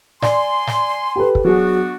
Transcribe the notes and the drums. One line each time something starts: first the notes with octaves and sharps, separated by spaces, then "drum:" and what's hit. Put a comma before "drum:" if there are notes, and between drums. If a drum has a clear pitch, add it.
D5 G#5 C6, drum: snare
drum: snare
G4 A4 B4
drum: kick
F#3 B3 D4 F#4 G#4